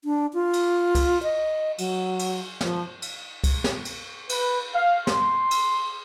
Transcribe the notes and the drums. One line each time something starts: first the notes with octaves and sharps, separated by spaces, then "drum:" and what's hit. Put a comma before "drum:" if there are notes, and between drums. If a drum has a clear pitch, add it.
D4
F4
drum: cymbal
drum: kick C#2, cymbal
D#5
F#3, drum: cymbal
drum: cymbal
F3, drum: snare
drum: cymbal
drum: kick C#2, cymbal
drum: snare
drum: cymbal
B4, drum: cymbal
F5
C6, drum: snare
drum: cymbal